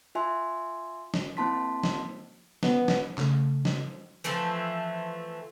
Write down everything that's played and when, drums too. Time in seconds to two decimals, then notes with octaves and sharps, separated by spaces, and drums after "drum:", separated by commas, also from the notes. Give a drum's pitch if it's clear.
0.15 F4 E5 G#5 C6
1.14 drum: snare
1.37 A#3 C4 E4 A5 C6 B6
1.83 drum: snare
2.63 B3, drum: snare
2.88 drum: snare
3.18 C#3 A3, drum: clap
3.65 drum: snare
4.24 E3 F3 A3 C4